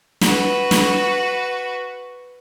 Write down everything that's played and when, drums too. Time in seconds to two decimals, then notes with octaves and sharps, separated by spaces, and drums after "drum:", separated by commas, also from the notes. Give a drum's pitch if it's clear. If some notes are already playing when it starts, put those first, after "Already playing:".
0.21 F#4 B4, drum: snare
0.71 drum: snare